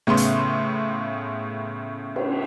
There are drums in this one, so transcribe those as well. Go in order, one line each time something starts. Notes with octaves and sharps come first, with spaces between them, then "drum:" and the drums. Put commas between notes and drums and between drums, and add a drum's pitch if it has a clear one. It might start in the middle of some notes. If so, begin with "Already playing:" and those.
A2 C#3 B3 C6
drum: hi-hat
drum: cymbal